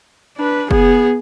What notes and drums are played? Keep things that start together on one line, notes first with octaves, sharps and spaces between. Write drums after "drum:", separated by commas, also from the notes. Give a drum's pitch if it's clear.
D4 B4
B3 G#4, drum: kick